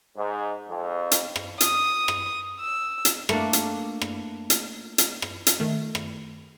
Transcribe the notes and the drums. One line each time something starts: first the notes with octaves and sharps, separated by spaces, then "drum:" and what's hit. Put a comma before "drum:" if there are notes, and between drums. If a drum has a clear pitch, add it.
G#2
F2
drum: hi-hat
drum: rim click
D#6, drum: hi-hat
drum: rim click
E6
drum: hi-hat
A3 A#3 D4, drum: rim click
drum: hi-hat
drum: rim click
drum: hi-hat
drum: hi-hat
drum: rim click
drum: hi-hat
D#3 A3
drum: rim click